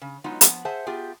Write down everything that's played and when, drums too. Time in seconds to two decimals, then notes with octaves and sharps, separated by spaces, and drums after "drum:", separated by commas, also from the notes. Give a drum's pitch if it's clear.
0.01 C#3
0.24 F#3 G#3 B3 D#4 F4
0.41 F3 B3, drum: hi-hat
0.65 G#4 C5 E5 F#5 A5
0.87 B3 F4 G4 G#4